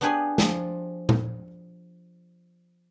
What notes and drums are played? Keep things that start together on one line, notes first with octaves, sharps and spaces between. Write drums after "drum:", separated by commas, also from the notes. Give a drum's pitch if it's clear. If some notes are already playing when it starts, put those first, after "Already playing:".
B3 D4 G4 G#4 B4 C#5
F3 C6, drum: snare
drum: tom A#2